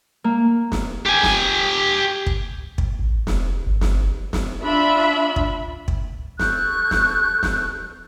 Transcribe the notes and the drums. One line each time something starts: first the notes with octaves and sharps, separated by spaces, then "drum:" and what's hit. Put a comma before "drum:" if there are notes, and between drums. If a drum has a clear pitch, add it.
A#3
drum: snare
G4 G#5
drum: snare
drum: kick
drum: kick
A1
F1, drum: snare
G1
drum: snare
drum: snare
D4 F4 E5 B5
drum: kick
drum: kick
A4 C#6 F#6 G6, drum: snare
drum: snare
drum: snare